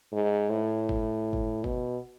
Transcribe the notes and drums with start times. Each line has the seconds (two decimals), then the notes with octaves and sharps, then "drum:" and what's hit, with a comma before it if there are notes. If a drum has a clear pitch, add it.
0.12 G#2
0.50 A2
0.89 drum: kick G1
1.33 drum: kick G1
1.64 B2, drum: kick G1